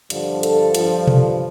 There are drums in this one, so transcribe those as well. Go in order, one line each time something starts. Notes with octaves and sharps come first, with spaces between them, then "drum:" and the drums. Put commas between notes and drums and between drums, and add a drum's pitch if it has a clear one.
G2 D3 F3, drum: hi-hat
A4, drum: hi-hat
G2 F3, drum: hi-hat
drum: tom B2